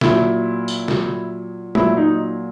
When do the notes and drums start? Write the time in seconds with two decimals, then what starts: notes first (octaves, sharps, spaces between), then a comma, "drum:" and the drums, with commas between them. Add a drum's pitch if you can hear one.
0.01 A#2 F#3 E4, drum: snare
0.68 drum: tambourine
0.88 A#2 F#3, drum: snare
1.75 A#2 F#3 E4, drum: tom G#3
1.97 D#4